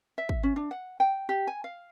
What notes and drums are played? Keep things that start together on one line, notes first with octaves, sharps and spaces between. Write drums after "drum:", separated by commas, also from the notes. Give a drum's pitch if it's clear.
E5
drum: kick
C#4
D4
F#5
G5
G4
G#5
F5